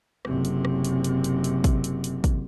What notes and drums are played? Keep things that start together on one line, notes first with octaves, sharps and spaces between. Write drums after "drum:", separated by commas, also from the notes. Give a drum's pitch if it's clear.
F#1 C3, drum: rim click
drum: hi-hat
drum: rim click
drum: hi-hat
drum: hi-hat
drum: hi-hat
drum: hi-hat
drum: kick, hi-hat
drum: hi-hat
drum: hi-hat
drum: kick, hi-hat